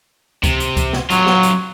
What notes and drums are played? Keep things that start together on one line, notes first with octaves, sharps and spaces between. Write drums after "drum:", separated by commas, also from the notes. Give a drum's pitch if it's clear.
C3, drum: kick C#2, hi-hat
drum: hi-hat
drum: kick C#2, hi-hat
drum: snare
F#2 F#3 F4, drum: hi-hat
drum: snare
drum: hi-hat